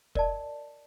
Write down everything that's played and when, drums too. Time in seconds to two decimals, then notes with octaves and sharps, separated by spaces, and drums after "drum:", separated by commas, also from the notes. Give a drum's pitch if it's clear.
0.15 A#4 D5 D#5 A5, drum: kick